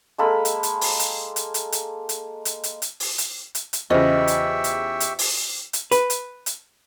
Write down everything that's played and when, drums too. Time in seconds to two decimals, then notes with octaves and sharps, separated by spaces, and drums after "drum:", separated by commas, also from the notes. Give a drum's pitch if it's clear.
0.18 G#3 A#3 A4 B5
0.45 drum: hi-hat
0.63 drum: hi-hat
0.81 drum: open hi-hat
1.00 drum: hi-hat
1.36 drum: hi-hat
1.54 drum: hi-hat
1.72 drum: hi-hat
2.09 drum: hi-hat
2.45 drum: hi-hat
2.64 drum: hi-hat
2.82 drum: hi-hat
3.00 drum: open hi-hat
3.18 drum: hi-hat
3.55 drum: hi-hat
3.73 drum: hi-hat
3.90 E2 C#3 F4 G4 C5 D#5 E5 C#6
4.27 drum: hi-hat
4.64 drum: hi-hat
5.00 drum: hi-hat
5.19 drum: open hi-hat
5.73 drum: hi-hat
5.91 B4, drum: hi-hat
6.10 drum: hi-hat
6.46 drum: hi-hat